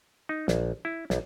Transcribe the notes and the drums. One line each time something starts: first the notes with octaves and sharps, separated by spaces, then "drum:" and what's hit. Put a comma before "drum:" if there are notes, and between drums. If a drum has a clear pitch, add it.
D#4
A#1, drum: snare
E4
B1, drum: snare